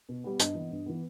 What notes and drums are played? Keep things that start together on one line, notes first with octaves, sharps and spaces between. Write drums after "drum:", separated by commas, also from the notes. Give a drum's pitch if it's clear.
B2
G3 B3
G2 D#5, drum: hi-hat
E3 B3
G2
E3 B3